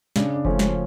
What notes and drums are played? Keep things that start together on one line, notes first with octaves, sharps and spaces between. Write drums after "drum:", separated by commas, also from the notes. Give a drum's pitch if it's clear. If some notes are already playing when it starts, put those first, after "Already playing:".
C#3 D4, drum: snare
D4
F3 A3 C#4, drum: kick F#1
drum: snare